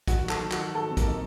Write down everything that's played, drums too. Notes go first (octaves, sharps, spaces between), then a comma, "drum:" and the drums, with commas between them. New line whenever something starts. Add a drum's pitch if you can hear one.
D#3 F#4, drum: kick, hi-hat
F#3
A4, drum: clap
D#3
F#4, drum: clap
D#3
F#3 A4
C3 C4
A#3, drum: kick, hi-hat
D#3 D#4